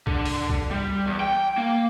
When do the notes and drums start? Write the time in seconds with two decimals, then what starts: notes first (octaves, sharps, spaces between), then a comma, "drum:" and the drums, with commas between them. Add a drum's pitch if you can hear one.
0.07 D3, drum: kick B1
0.26 drum: open hi-hat
0.49 drum: kick B1
0.71 G3
1.07 E2
1.20 G5
1.58 A#3